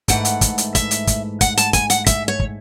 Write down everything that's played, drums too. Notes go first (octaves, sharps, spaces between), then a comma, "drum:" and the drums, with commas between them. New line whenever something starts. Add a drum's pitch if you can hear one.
G#2 E3 A3 F#5, drum: kick, hi-hat
drum: hi-hat
drum: kick, hi-hat
drum: hi-hat
E5, drum: kick, hi-hat
drum: hi-hat
drum: kick, hi-hat
F#5, drum: kick, hi-hat
A5, drum: hi-hat
G#5, drum: kick, hi-hat
F#5, drum: hi-hat
E5, drum: kick, hi-hat
C#5
drum: kick